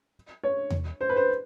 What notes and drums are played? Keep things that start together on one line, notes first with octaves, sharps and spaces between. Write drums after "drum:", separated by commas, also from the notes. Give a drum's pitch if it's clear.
C#5
drum: tom E2
C5
B4
C5